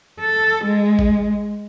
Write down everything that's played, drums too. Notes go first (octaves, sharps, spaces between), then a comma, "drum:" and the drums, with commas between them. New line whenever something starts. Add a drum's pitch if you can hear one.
A4
G#3
drum: kick A1